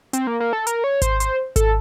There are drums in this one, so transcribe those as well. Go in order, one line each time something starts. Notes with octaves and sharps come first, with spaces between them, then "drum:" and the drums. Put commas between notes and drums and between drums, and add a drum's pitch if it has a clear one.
C4, drum: hi-hat
A#3
A#3
A4
A#4, drum: hi-hat
C#5
C5, drum: kick G#1, hi-hat
C5, drum: hi-hat
A4, drum: kick G#1, hi-hat